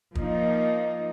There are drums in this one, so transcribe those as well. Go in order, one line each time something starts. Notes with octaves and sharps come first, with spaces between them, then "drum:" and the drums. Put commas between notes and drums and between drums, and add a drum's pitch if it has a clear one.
F3 A#3 D#4, drum: kick